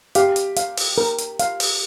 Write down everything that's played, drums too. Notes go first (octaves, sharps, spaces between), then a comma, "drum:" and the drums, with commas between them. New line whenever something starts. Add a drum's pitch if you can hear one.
G4 F5, drum: hi-hat
drum: hi-hat
F5, drum: hi-hat
drum: open hi-hat
A#4
drum: hi-hat
F5, drum: hi-hat
drum: open hi-hat